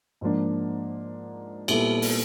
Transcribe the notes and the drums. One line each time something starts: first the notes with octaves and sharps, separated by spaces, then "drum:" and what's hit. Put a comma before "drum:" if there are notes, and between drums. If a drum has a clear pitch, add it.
G#2 F3 A#3 D4
A#2 G3 B3 E4 A4, drum: cymbal
drum: open hi-hat